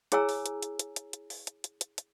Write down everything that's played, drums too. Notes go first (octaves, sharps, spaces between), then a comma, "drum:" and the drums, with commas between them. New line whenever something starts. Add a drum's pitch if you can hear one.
E4 G#4 C#5 G#5 A#5 E6, drum: hi-hat
drum: open hi-hat
drum: hi-hat
drum: hi-hat
drum: hi-hat
drum: hi-hat
drum: hi-hat
drum: open hi-hat
drum: hi-hat
drum: hi-hat
drum: hi-hat
drum: hi-hat